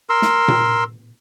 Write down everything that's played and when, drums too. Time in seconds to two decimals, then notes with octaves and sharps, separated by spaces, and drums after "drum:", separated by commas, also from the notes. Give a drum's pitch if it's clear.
0.09 A#4 C6 E6
0.22 drum: snare
0.48 drum: tom A#2